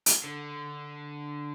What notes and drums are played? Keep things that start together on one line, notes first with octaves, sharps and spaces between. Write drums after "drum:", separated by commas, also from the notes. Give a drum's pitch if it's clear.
drum: hi-hat
D3